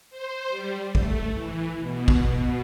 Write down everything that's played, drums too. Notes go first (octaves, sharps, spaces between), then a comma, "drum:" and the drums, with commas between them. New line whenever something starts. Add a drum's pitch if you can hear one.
C5
G3
A3, drum: kick
E3
B2
drum: kick
B2